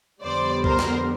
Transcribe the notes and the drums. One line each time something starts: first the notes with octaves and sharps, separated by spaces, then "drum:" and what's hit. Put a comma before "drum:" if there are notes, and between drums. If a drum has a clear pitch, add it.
F2 D3 G3 B3 C5 D5
A#4 C5, drum: kick C#2
drum: snare